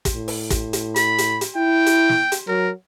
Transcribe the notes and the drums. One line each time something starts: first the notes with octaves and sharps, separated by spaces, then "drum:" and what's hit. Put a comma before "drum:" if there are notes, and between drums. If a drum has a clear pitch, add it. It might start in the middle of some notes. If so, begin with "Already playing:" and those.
drum: kick, hi-hat
A2
drum: open hi-hat
drum: kick, hi-hat
drum: hi-hat
B5, drum: hi-hat
drum: hi-hat
drum: hi-hat
E4 G5
drum: hi-hat
drum: snare
drum: hi-hat
F#3 A#4